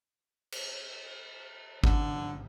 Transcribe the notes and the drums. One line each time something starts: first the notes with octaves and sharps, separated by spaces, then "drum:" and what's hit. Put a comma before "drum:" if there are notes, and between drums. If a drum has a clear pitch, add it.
drum: cymbal
D3, drum: kick G#1